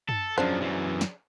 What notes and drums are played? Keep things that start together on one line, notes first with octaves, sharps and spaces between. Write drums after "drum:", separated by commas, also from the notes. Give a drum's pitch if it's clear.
A4, drum: tom
F#2 C#3 F3 D4 C5
F#2 E3
drum: snare